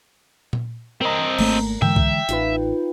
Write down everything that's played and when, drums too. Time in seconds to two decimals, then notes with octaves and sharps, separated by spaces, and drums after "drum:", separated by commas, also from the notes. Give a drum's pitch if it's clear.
0.53 drum: tom A#2
1.01 C4 A#4 D#5 A#5
1.39 G#1 A3 A#3, drum: cymbal
1.82 D3 E3 G#3 E5 G5, drum: tom G#2
1.96 drum: kick C2
2.29 A1 D#4 F4 B4, drum: hi-hat